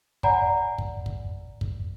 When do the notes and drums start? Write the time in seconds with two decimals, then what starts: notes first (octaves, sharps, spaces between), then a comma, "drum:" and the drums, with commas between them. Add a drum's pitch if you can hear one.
0.23 D5 F#5 G#5 A#5 B5, drum: kick
0.78 drum: kick
1.06 drum: kick
1.61 drum: kick